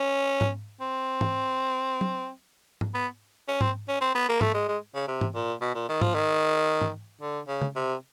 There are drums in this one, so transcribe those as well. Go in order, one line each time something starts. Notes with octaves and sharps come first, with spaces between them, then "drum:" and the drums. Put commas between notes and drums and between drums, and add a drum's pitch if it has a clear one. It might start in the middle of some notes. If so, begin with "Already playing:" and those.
Already playing: C#4
drum: tom G#2
C4
drum: tom G#2
drum: tom F#3
drum: tom G#2
B3
C#4
C4, drum: tom G#2
C#4
C4
B3
A#3
A3, drum: tom G#2
G#3
G#3
C#3
C3
drum: tom G#2
A#2
B2
A#2
D#3
F3, drum: tom G#2
D#3
drum: tom G#2
D3
C#3
drum: tom C#3
C3